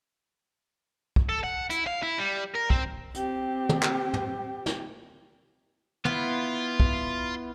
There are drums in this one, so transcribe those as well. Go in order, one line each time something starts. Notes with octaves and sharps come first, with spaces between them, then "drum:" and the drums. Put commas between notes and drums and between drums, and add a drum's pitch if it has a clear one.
drum: kick
A4
F#5
E4, drum: hi-hat
F5
E4
G3
A#4
C4, drum: kick
C4 G4, drum: hi-hat
drum: tom
drum: clap
drum: tom
drum: snare
B3 E4 F4, drum: tom
drum: kick